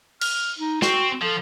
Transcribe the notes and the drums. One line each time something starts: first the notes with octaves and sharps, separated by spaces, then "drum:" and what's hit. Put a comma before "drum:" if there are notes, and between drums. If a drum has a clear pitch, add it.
F6, drum: cymbal
D#4
C4 F#4, drum: snare
F3 A4